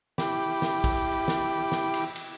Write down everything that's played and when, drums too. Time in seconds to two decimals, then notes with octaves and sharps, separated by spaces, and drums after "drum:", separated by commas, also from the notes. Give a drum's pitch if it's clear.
0.18 E4 G4 G5 B5 D6, drum: snare
0.62 drum: snare
0.84 drum: kick, cymbal
1.28 drum: snare
1.72 drum: snare
1.94 drum: cymbal
2.16 drum: cymbal